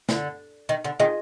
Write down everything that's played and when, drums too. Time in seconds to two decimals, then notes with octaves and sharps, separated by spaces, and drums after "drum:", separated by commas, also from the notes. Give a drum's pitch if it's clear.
0.09 D3, drum: snare
0.69 D#3
0.84 D3
0.99 D#3 F4 G#4 D#5